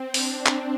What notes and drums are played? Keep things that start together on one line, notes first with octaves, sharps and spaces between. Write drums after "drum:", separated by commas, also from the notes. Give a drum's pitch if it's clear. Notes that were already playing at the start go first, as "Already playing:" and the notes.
Already playing: C4
D4, drum: open hi-hat
drum: clap